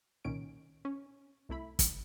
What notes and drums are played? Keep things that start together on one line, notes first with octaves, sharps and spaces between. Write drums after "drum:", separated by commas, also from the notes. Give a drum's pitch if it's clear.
C2 A#2 D#3 C#4 D7
C#4
C2 A3 E4 B5
drum: kick, hi-hat